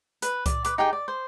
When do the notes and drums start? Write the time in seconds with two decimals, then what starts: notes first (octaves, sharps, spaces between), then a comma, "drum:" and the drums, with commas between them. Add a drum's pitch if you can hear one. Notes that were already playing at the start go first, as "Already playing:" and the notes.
0.22 B4, drum: hi-hat
0.46 D5, drum: kick C2, hi-hat
0.65 B4 D6, drum: hi-hat
0.78 D#4 G4 G#4 G5
0.93 D5
1.08 C5